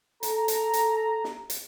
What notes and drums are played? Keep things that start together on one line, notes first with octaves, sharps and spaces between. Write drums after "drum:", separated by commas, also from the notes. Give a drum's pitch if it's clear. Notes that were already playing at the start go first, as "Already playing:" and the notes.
A4 A#5, drum: hi-hat
drum: hi-hat
drum: hi-hat
drum: snare
drum: hi-hat